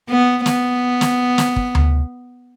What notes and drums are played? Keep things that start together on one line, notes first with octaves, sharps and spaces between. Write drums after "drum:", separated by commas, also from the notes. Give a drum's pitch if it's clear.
B3
B3, drum: snare
drum: snare
drum: snare
drum: kick
drum: tom D2